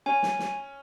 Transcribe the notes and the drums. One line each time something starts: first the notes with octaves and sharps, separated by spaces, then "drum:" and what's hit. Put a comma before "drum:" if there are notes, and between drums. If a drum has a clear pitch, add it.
C#4 G#5
drum: snare
drum: snare